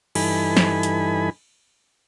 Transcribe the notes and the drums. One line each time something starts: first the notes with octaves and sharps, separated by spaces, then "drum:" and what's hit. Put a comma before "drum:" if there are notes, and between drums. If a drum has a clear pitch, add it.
G2 E3 D#4 A4 G#5 B5, drum: cymbal
drum: snare
drum: hi-hat